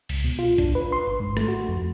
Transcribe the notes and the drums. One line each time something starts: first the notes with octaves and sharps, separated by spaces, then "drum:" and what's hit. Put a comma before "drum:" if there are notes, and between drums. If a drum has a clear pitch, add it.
C#2, drum: open hi-hat
B2
F4
D4, drum: kick A1, hi-hat
B4
C6
G#1
G#2
A3, drum: rim click
F#4
F2